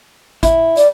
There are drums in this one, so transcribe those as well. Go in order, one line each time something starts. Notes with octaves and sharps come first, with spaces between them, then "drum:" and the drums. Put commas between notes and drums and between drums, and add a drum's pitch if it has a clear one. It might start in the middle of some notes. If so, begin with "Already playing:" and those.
E4, drum: kick G#1, hi-hat
D5, drum: hi-hat